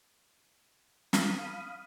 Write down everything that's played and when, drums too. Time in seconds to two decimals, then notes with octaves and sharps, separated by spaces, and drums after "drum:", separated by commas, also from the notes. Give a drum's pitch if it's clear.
1.13 F5 B5 D#6, drum: snare